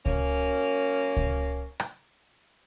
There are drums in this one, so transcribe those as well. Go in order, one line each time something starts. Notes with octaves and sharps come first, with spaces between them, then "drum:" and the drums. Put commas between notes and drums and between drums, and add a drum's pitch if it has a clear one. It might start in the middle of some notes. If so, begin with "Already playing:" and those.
F#2 A#3 C#4, drum: kick C#2
drum: kick C#2
drum: rim click